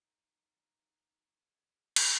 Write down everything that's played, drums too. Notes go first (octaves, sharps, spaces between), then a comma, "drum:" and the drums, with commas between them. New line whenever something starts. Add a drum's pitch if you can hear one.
D#4
G#4
drum: cymbal